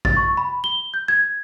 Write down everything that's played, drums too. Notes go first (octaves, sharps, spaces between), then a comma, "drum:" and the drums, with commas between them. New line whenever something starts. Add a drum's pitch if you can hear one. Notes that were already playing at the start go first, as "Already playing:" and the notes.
A6, drum: kick A1
C#6
B5
G7
G6
G#6